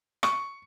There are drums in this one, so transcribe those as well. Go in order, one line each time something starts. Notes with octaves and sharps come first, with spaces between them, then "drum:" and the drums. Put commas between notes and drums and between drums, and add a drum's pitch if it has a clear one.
C#6, drum: rim click